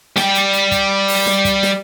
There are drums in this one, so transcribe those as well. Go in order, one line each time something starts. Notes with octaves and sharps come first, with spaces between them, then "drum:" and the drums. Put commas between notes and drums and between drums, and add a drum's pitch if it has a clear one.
G3 G5, drum: snare
drum: hi-hat
drum: hi-hat
drum: kick, hi-hat
drum: open hi-hat
drum: snare
drum: kick, hi-hat
drum: snare